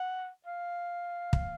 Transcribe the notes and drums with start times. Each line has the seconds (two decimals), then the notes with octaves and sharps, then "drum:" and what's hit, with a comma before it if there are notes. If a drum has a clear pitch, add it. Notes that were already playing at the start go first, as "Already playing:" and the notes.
Already playing: F#5
0.46 F5
1.33 drum: kick